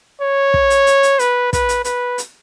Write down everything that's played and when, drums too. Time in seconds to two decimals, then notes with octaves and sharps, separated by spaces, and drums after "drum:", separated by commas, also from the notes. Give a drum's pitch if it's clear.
0.21 C#5
0.54 drum: kick
0.70 drum: hi-hat
0.87 drum: hi-hat
1.03 drum: hi-hat
1.19 B4, drum: hi-hat
1.53 B4, drum: kick, hi-hat
1.69 drum: hi-hat
1.84 B4, drum: hi-hat
2.18 drum: hi-hat